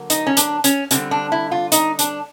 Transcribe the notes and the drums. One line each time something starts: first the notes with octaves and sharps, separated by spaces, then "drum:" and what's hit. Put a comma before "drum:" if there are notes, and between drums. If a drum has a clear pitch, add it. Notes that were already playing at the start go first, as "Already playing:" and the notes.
Already playing: D3 F#3 A#3
D#4, drum: hi-hat
C#4
D4, drum: hi-hat
C#4, drum: hi-hat
D3 G3 C4 C#4, drum: hi-hat
D4
E4
F4
D#4, drum: hi-hat
D4, drum: hi-hat